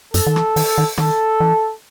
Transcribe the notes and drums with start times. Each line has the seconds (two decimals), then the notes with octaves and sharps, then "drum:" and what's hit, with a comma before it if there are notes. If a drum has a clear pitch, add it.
0.14 F#2 A4, drum: hi-hat
0.27 D#3
0.36 E3, drum: rim click
0.56 D#3, drum: open hi-hat
0.78 D#3
0.97 D#3 A4, drum: rim click
1.40 E3